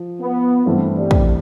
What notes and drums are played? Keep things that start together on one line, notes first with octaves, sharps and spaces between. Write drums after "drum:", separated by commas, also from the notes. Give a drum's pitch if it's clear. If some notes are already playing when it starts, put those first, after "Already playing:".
Already playing: F3
B3
G2 E3 A3 C4
G3
drum: kick